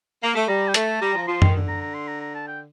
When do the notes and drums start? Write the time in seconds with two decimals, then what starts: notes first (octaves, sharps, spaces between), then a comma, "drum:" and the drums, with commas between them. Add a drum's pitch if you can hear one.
0.22 A#3
0.35 A3
0.48 G3 A#5
0.68 G5
0.74 A3 A5, drum: hi-hat
1.01 G3 A#5
1.15 F3
1.22 A#5
1.27 F3 C6
1.42 D#3, drum: tom F#2
1.54 D3
1.68 A#5
1.81 A#5
1.94 C6
2.08 A#5
2.21 A#5
2.35 A5
2.48 G5